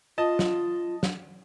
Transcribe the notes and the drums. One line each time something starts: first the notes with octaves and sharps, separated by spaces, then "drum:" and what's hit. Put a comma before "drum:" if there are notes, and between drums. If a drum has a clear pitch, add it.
F4 D#5 A5
drum: snare
drum: snare